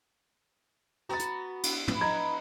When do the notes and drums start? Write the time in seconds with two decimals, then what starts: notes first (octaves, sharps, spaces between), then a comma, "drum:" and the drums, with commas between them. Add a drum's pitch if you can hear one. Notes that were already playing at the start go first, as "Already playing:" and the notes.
1.09 B3 F#4 A#5 A6
1.19 drum: hi-hat
1.63 drum: cymbal
1.88 E4 B4, drum: tom
2.01 D#5 A#5 G#6